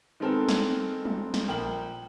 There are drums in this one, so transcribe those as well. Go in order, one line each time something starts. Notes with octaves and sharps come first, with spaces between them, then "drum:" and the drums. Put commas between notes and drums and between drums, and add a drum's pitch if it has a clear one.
D#3 G#3 B3 C4 A4 A#4
drum: snare
drum: tom F#3
drum: snare
A#1 A#4 G5 F#7